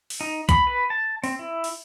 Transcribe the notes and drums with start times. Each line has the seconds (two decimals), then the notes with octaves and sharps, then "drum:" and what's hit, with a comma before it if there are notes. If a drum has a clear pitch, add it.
0.10 drum: open hi-hat
0.21 D#4
0.49 B5, drum: kick B1, hi-hat
0.67 B4
0.90 A5
1.24 C4, drum: open hi-hat
1.39 E4
1.64 drum: open hi-hat